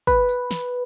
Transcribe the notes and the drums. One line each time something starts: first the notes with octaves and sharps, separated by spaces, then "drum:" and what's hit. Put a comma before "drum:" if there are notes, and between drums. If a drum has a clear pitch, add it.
B4, drum: kick, tambourine
drum: tambourine
drum: snare